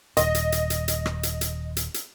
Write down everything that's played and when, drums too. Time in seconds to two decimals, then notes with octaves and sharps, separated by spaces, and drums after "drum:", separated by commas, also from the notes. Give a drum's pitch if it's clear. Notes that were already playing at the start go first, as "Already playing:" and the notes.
0.17 D#1 D#5, drum: hi-hat
0.35 drum: hi-hat
0.52 drum: hi-hat
0.70 drum: hi-hat
0.88 drum: hi-hat
1.06 drum: rim click
1.23 drum: hi-hat
1.41 drum: hi-hat
1.77 drum: hi-hat
1.94 drum: hi-hat